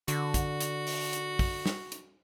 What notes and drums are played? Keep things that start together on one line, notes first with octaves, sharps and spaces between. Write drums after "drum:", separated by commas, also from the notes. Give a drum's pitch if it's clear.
D3 F#4, drum: hi-hat
drum: kick, hi-hat
drum: hi-hat
drum: open hi-hat
drum: hi-hat
drum: kick, open hi-hat
drum: snare
drum: hi-hat